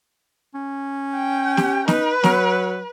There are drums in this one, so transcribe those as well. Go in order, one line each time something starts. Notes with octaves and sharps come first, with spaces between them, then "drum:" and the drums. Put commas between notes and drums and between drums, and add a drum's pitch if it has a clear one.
C#4
G5
G4, drum: snare
D#4 B4, drum: snare
F#3, drum: snare